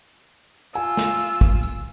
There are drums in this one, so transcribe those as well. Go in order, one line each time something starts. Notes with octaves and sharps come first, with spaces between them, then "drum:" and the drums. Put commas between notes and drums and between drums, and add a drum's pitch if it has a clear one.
F4 G#5 E6, drum: tambourine
drum: snare
drum: tambourine
drum: kick, tambourine
drum: tambourine